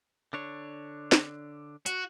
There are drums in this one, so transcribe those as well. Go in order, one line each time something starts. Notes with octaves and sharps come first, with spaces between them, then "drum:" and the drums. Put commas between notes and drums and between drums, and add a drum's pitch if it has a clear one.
D3 D4 C#5
drum: snare
F#4, drum: hi-hat